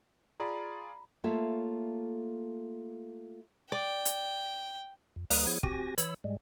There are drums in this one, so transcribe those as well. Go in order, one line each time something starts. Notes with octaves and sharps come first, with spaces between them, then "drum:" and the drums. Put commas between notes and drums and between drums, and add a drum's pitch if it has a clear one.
F4 G#4 D5 A#5 B5
A3 A#3 F4 A4 C#5 E5
D5 G5
drum: hi-hat
F2
D2 G3 A#3 B4 A#5 D#6, drum: open hi-hat
F3 B3 E4 G#4 C#5
C4 F#4 G4 G#5 A#6, drum: kick
E3 C#5 B5 E6, drum: hi-hat
G#2 G3 G#3